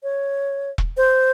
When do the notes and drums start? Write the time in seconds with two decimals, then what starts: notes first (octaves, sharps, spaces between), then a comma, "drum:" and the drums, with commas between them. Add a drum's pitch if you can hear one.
0.03 C#5
0.78 drum: kick E1
0.97 C5